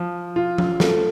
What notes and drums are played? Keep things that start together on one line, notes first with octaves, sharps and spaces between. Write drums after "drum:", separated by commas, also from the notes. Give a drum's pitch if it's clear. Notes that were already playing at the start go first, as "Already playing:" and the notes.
Already playing: F3
F4
drum: tom F3
A3, drum: snare